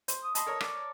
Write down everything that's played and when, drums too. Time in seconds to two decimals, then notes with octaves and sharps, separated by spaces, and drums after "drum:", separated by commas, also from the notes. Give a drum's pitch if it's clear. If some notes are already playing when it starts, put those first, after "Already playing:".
0.08 C5, drum: hi-hat
0.23 D#6
0.35 D#5 A5 B5 C6, drum: hi-hat
0.47 A4 A#4 C#5
0.61 D5, drum: rim click